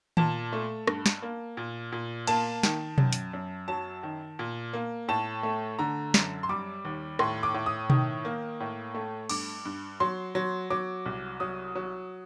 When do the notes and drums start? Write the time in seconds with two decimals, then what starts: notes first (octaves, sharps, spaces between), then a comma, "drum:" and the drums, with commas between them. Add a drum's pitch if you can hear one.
0.17 A#2 A5, drum: tom D#3
0.53 A3
0.87 G2, drum: rim click
1.06 drum: snare
1.22 A#3
1.57 A#2
1.92 A#2
2.27 A#3 A5, drum: cymbal
2.63 D#3, drum: snare
2.98 F#2, drum: tom B2
3.13 drum: hi-hat
3.33 F#2
3.68 F#3 A5
4.03 D#3
4.39 A#2
4.73 A#3
5.08 A2 A5
5.43 A3
5.79 D3 A#5
6.14 F#2, drum: snare
6.43 C6
6.49 G3 D6
6.85 D#2
7.19 A2 C6, drum: rim click
7.43 D6
7.54 A2
7.66 D#6
7.90 D#3, drum: tom B2
8.25 A#3
8.60 A2
8.94 A3
9.29 G2 D6, drum: cymbal
9.65 G2
10.00 F#3 C6
10.35 F#3
10.70 F#3 D6
11.06 C2
11.40 F#3 D#6
11.75 F#3